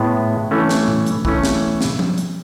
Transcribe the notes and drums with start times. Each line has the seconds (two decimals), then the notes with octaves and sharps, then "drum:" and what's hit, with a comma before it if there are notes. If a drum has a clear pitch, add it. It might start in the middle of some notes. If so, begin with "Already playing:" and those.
Already playing: A2 G#3 B3
0.51 E3 A3 C#4
0.69 drum: snare
0.88 drum: tom A2
1.06 drum: hi-hat
1.25 E3 A3 C#4, drum: kick
1.44 drum: snare
1.81 drum: snare
1.99 drum: tom F3
2.18 drum: hi-hat